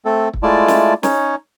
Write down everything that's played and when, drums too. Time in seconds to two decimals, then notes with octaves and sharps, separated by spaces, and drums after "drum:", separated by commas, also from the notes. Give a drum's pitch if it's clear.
0.05 A3 C4 A4
0.33 drum: kick
0.43 G#3 A3 E4 F4 D5 A5
0.68 drum: snare
1.03 C#4 D#4 C#5, drum: snare